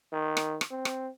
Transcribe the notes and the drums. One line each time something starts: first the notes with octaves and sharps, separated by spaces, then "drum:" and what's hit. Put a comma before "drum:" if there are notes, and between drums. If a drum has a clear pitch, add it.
D#3
drum: rim click
drum: rim click
C4
drum: rim click